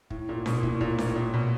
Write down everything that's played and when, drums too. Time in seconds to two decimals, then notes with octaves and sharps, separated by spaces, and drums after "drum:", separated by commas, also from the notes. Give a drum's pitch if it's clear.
0.10 A2, drum: kick
0.29 A#2
0.46 B2, drum: snare D4
0.56 A#2
0.63 A2, drum: kick
0.81 A#2, drum: kick
0.98 A2, drum: snare D4
1.15 A#2
1.33 B2